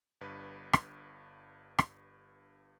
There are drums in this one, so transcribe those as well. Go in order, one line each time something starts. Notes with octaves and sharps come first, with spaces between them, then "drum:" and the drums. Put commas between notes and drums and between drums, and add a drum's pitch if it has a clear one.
G1 G2 B4
drum: rim click
drum: rim click